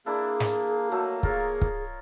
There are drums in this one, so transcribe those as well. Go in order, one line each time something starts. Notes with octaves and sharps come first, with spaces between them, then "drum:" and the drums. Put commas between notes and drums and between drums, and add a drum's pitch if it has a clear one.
A#3 D4 E4 G#4
drum: snare
F#3 A3 F#4 D#5
F4 G#4 A#4 C#5, drum: kick
drum: kick